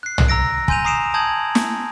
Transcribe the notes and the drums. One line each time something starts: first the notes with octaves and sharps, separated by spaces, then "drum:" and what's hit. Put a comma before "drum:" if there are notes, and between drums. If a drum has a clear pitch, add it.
F#6 C7
drum: tom
A#5 E6 A#6 D7
G#5 C6 G6 D#7 F7, drum: kick
A#5 D#6 C7 D7 E7
A5 D#6 G6 G#6 F#7
drum: snare